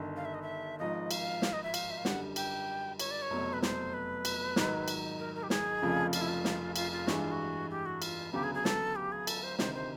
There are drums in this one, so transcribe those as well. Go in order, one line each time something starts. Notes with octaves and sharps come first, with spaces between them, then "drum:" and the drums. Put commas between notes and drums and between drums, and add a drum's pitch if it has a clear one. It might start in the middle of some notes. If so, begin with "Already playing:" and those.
Already playing: G1 G2 D#3
F5
E5
D#5
E5
G#1 G#2 F3 D#5
F5, drum: cymbal
drum: snare
D#5
E5
F5, drum: cymbal
E5
F5
F#2 D3 G3 F#5, drum: snare
G5, drum: cymbal
C#5, drum: cymbal
D5
C#5
F1 E2 B2 F#3
B4
C5, drum: snare
B4
drum: cymbal
G#2 D#3 F#3, drum: snare
drum: cymbal
A#4
A#4
G4
G#4, drum: snare
F1 F2 C#3 F3
F4, drum: cymbal
E4
F4
drum: snare
F4, drum: cymbal
F4
G2 E3 G#3 F#4, drum: snare
F4
F#4
G4
F#4
F4, drum: cymbal
D2 C#3 F#3 B3 G4
G#4
G#4
A4, drum: snare
G4
G#4
A4, drum: cymbal
C5
D2 C3 D#3 C5, drum: snare
C5